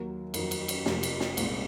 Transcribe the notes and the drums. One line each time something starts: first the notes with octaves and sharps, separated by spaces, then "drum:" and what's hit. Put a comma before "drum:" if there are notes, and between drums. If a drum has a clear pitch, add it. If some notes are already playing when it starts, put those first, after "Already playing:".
Already playing: D#2 D#3 F#3
F2 D#3 F#3, drum: cymbal
drum: cymbal
drum: cymbal
F2 C3 F3 A#3 F4, drum: snare
drum: cymbal
drum: snare
C2 A#2 G#3 C4, drum: cymbal